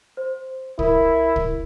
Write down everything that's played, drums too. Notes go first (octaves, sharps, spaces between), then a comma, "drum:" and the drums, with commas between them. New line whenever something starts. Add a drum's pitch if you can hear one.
C5
E4 A#4, drum: kick
drum: kick